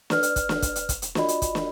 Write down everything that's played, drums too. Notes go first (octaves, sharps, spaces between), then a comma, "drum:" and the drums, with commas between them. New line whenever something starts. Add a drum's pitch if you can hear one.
B4 D5 F6, drum: snare
drum: hi-hat
drum: kick, hi-hat
drum: snare
drum: kick, hi-hat
drum: hi-hat
drum: kick, hi-hat
drum: hi-hat
F4 F#4 D5 D#5 B5, drum: snare
drum: hi-hat
drum: kick, hi-hat
drum: snare